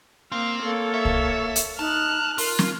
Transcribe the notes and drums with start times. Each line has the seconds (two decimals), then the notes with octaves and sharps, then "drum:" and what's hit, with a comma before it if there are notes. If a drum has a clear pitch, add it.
0.32 A#3 C4 F5
0.64 A#3 A4 C#5
0.94 E5
1.05 drum: kick C2
1.56 drum: hi-hat
1.79 D#4 A5 F6 F#6
2.38 F4 A#4, drum: open hi-hat
2.59 drum: snare